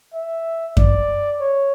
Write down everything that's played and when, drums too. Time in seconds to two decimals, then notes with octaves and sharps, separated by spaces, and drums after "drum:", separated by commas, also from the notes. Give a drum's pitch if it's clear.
0.14 E5
0.77 D5, drum: kick F#2
1.40 C#5